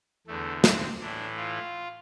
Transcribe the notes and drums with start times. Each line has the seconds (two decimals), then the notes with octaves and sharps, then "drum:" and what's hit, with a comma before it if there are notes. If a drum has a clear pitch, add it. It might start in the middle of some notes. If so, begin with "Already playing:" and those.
0.27 E2 D3 A3
0.64 C4, drum: snare
1.00 A2 E3 D4
1.37 F4